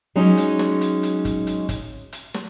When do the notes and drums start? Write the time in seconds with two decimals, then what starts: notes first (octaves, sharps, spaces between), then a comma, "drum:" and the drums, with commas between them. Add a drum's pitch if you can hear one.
0.16 F#3 G#3 C#4 D#4
0.37 drum: hi-hat
0.59 drum: snare
0.81 drum: hi-hat
1.03 drum: hi-hat
1.25 drum: kick, hi-hat
1.47 drum: hi-hat
1.69 drum: kick, hi-hat
2.12 drum: hi-hat
2.34 drum: snare